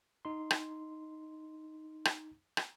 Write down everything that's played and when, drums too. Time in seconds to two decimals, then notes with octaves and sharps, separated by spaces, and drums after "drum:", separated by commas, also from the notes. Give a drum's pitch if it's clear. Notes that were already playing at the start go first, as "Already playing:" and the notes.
0.25 D#4 C6
0.51 drum: rim click
2.05 drum: rim click
2.57 drum: rim click